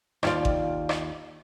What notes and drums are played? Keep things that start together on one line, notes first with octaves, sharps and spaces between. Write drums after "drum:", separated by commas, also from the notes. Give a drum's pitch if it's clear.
D#2 F4 D5, drum: rim click
drum: kick G#1
drum: rim click